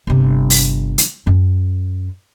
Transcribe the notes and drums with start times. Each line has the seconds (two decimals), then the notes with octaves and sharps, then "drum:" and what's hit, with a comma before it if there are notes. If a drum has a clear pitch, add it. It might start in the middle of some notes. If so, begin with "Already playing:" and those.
0.07 G1 C3
0.50 drum: open hi-hat
0.98 drum: hi-hat
1.26 F#2 C#4